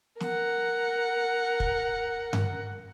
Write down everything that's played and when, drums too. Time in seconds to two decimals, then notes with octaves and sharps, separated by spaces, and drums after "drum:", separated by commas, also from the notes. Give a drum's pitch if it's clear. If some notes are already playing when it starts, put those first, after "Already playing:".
0.20 A#4 F#5, drum: snare
1.60 drum: kick
2.33 drum: tom G2